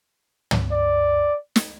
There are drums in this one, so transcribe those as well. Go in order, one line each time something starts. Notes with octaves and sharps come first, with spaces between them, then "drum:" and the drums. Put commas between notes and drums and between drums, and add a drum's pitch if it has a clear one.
drum: tom
D5
drum: snare